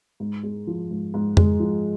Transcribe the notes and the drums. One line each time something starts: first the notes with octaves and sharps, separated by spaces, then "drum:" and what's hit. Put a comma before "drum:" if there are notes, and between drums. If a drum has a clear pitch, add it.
G#2
G#3
F3
G#2
G#2
G#3, drum: tom F2
F3